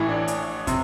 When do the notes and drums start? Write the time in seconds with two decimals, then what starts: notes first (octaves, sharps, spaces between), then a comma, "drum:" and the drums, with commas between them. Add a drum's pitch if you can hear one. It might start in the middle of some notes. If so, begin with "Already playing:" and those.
Already playing: A1 A2 E3
0.09 D4
0.28 drum: hi-hat
0.67 C3, drum: kick, hi-hat